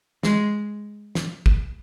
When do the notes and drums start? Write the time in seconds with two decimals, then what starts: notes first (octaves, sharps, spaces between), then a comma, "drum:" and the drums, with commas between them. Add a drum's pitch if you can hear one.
0.23 G#3, drum: snare
1.15 drum: snare
1.46 drum: kick